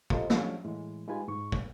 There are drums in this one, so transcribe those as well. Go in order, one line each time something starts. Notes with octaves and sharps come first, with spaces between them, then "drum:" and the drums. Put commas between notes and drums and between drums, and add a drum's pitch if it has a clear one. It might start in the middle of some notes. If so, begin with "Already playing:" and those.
F4 G4 A4 A#4 C5 D#5, drum: kick
F3 F#3 A3 C#4 D4 G4, drum: snare
A2 E3 G#3
G#3 D#4 F4 G4 B4 G#5
G#2 C#6
drum: kick